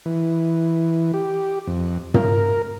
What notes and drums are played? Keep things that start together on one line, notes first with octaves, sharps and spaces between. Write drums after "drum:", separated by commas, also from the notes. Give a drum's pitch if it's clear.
E3
G4
F2
A#4, drum: tom